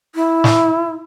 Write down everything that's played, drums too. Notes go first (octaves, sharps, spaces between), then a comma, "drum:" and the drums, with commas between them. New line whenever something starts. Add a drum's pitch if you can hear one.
E4
drum: snare